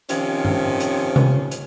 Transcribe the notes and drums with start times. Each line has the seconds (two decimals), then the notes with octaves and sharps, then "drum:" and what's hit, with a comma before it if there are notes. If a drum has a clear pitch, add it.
0.09 C3 D#3 F3 C#4, drum: hi-hat
0.45 drum: tom
0.80 drum: hi-hat
1.16 drum: tom C3
1.51 drum: hi-hat